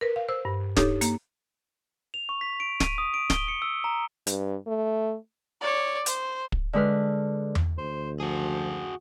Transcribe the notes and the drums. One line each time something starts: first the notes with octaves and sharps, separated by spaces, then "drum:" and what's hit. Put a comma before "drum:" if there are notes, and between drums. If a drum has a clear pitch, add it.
A#4 B4
F5
C5 E6
G2
D4 D#4 G4 A4 C#5, drum: snare
A#3, drum: hi-hat
F7
C#6
B6
D7
D#7, drum: snare
D#6
D7
G7, drum: snare
C#7
E6
A#5
G2, drum: hi-hat
A3
C#5 D5
C5, drum: hi-hat
drum: kick
D3 G#3 B4 F6
drum: tom E2
D2 C5
F3 F#4 G#4